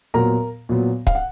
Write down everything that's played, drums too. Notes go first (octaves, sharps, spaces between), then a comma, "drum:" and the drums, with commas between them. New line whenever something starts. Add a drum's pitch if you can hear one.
A#2 F#3 B3 A#4 A#5
A#2 F#3 B3
F5, drum: kick C#1
F#5